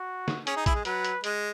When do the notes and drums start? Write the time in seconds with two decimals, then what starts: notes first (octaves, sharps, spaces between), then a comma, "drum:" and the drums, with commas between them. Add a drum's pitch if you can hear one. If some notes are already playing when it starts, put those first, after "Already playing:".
Already playing: F#4
0.28 drum: snare
0.47 C#4 G#4, drum: hi-hat
0.56 D#4
0.66 E4, drum: kick, hi-hat
0.75 G#3
0.85 F#3 B4, drum: hi-hat
1.05 drum: hi-hat
1.24 G#3, drum: hi-hat